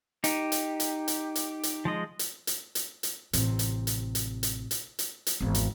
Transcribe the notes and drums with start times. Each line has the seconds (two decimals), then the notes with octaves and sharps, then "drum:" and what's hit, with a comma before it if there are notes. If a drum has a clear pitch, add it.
0.24 D#4 G4, drum: hi-hat
0.52 drum: hi-hat
0.80 drum: hi-hat
1.08 drum: hi-hat
1.36 drum: hi-hat
1.63 drum: hi-hat
1.85 F3 G#3 D#5
2.19 drum: hi-hat
2.47 drum: hi-hat
2.75 drum: hi-hat
3.03 drum: hi-hat
3.33 A1 C3, drum: hi-hat
3.59 drum: hi-hat
3.87 drum: hi-hat
4.15 drum: hi-hat
4.43 drum: hi-hat
4.71 drum: hi-hat
4.99 drum: hi-hat
5.27 drum: hi-hat
5.40 G#1 E2
5.54 drum: hi-hat